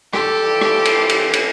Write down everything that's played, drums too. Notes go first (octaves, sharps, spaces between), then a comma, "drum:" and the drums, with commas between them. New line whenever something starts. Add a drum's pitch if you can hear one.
G4 A4, drum: rim click
E3 F3 G3
drum: rim click
drum: cymbal
drum: cymbal
drum: cymbal